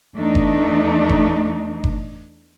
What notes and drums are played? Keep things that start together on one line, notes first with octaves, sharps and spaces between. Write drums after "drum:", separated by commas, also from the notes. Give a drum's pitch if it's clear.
E2 A3 D4 D#4
drum: kick F#1
drum: kick F#1
drum: kick F#1